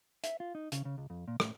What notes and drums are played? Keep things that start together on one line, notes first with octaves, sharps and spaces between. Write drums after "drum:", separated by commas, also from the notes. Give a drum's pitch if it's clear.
E5, drum: hi-hat
F4
D#4
C#3, drum: hi-hat
C#3
C#2
F2
A#2
A2, drum: rim click